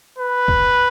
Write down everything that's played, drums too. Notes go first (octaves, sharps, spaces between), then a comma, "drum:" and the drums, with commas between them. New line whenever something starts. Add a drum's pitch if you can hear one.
B4
drum: kick